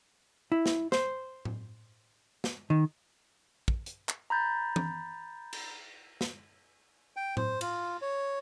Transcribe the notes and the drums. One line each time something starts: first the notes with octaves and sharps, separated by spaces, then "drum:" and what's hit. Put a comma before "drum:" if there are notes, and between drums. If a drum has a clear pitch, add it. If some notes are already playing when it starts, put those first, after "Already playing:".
E4
drum: snare
C5, drum: snare
drum: tom A2
drum: snare
D#3
drum: kick
drum: hi-hat
drum: clap
A#5 B5 G6 A6
drum: tom E3
drum: cymbal
drum: snare
G5
C5, drum: tom A2
F4, drum: cymbal
C#5